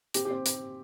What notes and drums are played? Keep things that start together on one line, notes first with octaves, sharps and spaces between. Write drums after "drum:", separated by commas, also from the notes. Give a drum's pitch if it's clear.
C4 G4, drum: hi-hat
G4
C4
drum: hi-hat